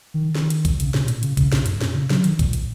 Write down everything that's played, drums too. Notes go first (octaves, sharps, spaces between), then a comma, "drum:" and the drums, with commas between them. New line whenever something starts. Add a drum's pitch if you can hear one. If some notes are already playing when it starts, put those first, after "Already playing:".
D#3
D#3, drum: snare
drum: hi-hat
drum: kick A#1, hi-hat
C#3, drum: hi-hat
A#2, drum: snare
A#2, drum: hi-hat
C#3, drum: hi-hat
C#3, drum: kick A#1, hi-hat
A#2, drum: snare
F#2, drum: hi-hat
A#2, drum: snare
C#3
F#3, drum: snare
D#3, drum: hi-hat
A#2, drum: kick A#1, hi-hat
drum: hi-hat